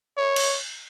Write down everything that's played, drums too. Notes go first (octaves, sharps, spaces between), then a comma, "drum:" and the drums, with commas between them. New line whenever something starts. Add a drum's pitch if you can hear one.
C#5
drum: cymbal